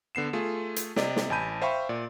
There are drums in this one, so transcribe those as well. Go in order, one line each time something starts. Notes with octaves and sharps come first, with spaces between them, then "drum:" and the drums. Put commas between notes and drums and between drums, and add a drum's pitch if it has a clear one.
D3 B3 C7 E7
A3 F4 G#4
drum: hi-hat
C3 D5 D#5, drum: snare
drum: snare
A1 G#5 A5 B5 G6 D#7
C5 E5 F5 G5 B5 C#6
A#2 D5